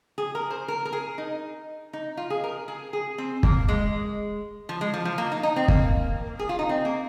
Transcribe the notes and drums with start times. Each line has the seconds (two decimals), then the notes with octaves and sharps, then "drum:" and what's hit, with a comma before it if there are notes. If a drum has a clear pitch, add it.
0.18 G#4
0.35 A#4
0.50 C5
0.68 A#4
0.85 A#4
0.93 G#4
1.18 D#4
1.93 D#4
2.17 F4
2.30 G#4
2.44 A#4
2.68 G#4
2.93 G#4
3.18 C4
3.43 A#3, drum: kick
3.68 G#3
4.69 F3
4.81 G#3
4.94 F3
5.05 F3
5.18 A#3
5.32 D#4
5.43 D#4
5.56 C4
5.68 A#3, drum: kick
6.39 G#4
6.49 F4
6.59 D#4
6.69 C4
6.85 A#3